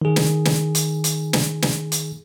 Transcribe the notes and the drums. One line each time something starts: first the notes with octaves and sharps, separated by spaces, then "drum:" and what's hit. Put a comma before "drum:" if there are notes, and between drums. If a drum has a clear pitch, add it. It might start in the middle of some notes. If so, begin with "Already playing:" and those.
D#3 G#4
drum: snare
drum: snare
drum: hi-hat
drum: hi-hat
drum: snare
drum: snare
drum: hi-hat